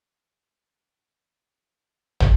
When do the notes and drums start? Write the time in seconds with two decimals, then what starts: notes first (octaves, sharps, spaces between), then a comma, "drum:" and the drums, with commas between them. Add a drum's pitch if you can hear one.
0.06 D2 C#4 C#5
2.20 drum: tom